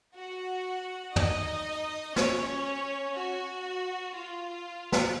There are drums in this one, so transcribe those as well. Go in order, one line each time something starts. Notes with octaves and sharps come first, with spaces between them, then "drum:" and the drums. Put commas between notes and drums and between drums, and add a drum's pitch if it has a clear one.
F#4 F#5
D#4 D#5, drum: tom
C#4 C#5, drum: snare
F#4
F4
drum: snare